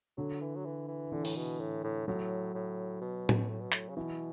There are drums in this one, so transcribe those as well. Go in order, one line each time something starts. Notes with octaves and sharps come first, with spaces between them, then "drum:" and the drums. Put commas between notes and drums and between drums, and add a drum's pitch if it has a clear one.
D3 F#3
E3
F#3
E3
E3
D3 E3
A2, drum: open hi-hat
B2
A2
A2
A2 F#3
A2
B2
drum: tom A2
A2
B2
A2, drum: clap
C#3
B2 E3